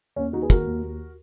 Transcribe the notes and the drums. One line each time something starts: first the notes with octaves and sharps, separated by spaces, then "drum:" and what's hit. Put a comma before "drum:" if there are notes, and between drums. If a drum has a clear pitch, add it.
D#2 A#3 C#4
D#2 D#4 F#4
G#4 B4
D#3 F#4 A#4, drum: kick, hi-hat
D#2
D#2